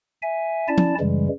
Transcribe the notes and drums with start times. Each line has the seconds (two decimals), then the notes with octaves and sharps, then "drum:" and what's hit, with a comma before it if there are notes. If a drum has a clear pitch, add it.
0.22 E5 G#5
0.68 C#4 E4 D5 A5
0.78 drum: tom
1.00 F#2 C#3 E3 G3 G#3